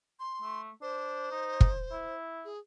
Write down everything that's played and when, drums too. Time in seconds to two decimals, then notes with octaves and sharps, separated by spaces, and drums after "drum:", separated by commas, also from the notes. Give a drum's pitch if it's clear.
0.20 C6
0.42 A3
0.82 D4 C5
1.31 D#4
1.61 drum: kick
1.92 E4
2.45 G#4